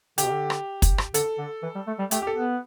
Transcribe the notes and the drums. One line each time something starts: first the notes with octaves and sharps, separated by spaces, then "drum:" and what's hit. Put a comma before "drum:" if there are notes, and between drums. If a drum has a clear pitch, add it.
D3 G4, drum: hi-hat
B2
D3
drum: rim click
drum: kick, hi-hat
drum: rim click
D3 A4, drum: hi-hat
D3
E3
G3
A3
G3
A3 G4, drum: hi-hat
G4
A4
B3